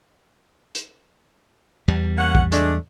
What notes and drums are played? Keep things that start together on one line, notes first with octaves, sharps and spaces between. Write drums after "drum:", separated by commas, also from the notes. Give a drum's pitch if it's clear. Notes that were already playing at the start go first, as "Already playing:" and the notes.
drum: hi-hat
E2 G3
A#3 C#4 F#5
drum: kick
G#3 A3 D4, drum: hi-hat